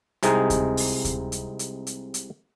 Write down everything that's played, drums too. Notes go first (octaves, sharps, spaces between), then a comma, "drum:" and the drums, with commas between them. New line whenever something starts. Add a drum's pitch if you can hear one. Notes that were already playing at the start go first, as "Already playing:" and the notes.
C2 C3 G#3 D#4 G#4, drum: hi-hat
drum: kick D2, hi-hat
drum: open hi-hat
drum: kick D2, hi-hat
drum: hi-hat
drum: hi-hat
drum: hi-hat
drum: hi-hat